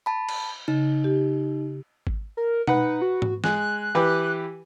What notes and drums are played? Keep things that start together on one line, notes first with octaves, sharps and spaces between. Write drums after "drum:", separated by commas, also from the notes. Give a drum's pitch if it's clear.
A5 B5
drum: cymbal
C#3 D#4
G4
drum: kick G#1
A#4
D#4 B4 F#5, drum: tom B2
F#4
drum: tom G#2
G#3 F#6, drum: snare E3
E3 G4 B4